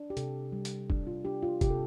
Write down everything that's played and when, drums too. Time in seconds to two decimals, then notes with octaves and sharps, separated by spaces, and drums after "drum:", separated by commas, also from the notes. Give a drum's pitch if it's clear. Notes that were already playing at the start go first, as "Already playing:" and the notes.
Already playing: D4
0.10 G4
0.17 C3 A4, drum: hi-hat
0.52 G3
0.65 drum: hi-hat
0.90 D4, drum: kick
1.07 F4
1.25 D4 G4
1.42 F4
1.61 C3 G4, drum: kick, hi-hat
1.70 A4